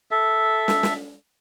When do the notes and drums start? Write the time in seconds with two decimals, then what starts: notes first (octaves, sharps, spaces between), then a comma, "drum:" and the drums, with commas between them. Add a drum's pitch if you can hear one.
0.11 A4 E5
0.68 drum: snare
0.83 drum: snare